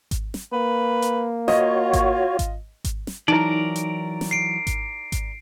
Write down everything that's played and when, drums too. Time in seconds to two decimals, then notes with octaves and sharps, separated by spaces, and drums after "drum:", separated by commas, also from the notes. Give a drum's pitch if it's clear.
0.11 drum: kick G#1, hi-hat
0.34 drum: snare
0.52 A#3 B4
1.02 drum: hi-hat
1.48 F4 F#4 C#5 D#5, drum: snare
1.93 drum: kick G#1, hi-hat
2.39 drum: kick G#1, hi-hat
2.84 drum: kick G#1, hi-hat
3.07 drum: snare
3.28 E3 F#3 D#4 E4 A#4 D5
3.76 drum: hi-hat
4.21 drum: snare
4.31 C7 D7
4.67 drum: kick G#1, hi-hat
5.12 drum: kick G#1, hi-hat